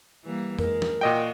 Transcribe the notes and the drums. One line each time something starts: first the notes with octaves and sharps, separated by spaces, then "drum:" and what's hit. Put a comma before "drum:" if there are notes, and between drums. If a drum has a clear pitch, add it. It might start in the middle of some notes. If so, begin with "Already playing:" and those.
E3 G3 A#3
G#3 A#4, drum: tom F2
drum: snare
A#2 F#4 D#5 G5